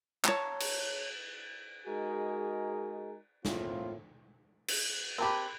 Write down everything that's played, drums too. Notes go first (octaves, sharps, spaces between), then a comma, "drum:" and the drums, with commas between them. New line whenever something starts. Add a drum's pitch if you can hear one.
C#5 A5 A#5, drum: clap
drum: cymbal
G#3 D#4 F#4 G#4 A#4
A2 A#3 C4 F4, drum: snare
drum: cymbal
C4 G4 A#4 A5 B5